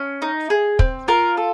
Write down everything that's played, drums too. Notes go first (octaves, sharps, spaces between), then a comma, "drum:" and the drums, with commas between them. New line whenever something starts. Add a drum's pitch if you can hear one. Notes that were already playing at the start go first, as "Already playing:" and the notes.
Already playing: C#4
D#4
G#4
C4, drum: kick
F4 A#4
A4